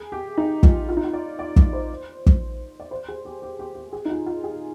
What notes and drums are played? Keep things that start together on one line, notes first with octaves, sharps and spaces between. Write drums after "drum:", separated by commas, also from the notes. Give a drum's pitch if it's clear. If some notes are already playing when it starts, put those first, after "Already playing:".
Already playing: G#4
G4
D#4
F4, drum: kick
F4
D#4
F4
D5
D5
D5, drum: kick
C5
drum: kick
D5
C5
G#4
G4
G4
G4
G4
G#4
D#4
F4
F4
G#4